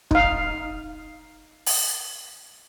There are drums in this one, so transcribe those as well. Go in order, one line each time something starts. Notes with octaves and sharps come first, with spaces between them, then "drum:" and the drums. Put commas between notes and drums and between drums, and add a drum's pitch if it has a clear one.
D#4 F5, drum: kick
drum: open hi-hat